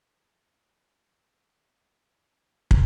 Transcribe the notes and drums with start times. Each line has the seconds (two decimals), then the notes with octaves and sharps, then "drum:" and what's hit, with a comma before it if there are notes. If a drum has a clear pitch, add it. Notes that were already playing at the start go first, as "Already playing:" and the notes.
0.08 C#3 F#3 C#4 G4 E6
2.71 drum: kick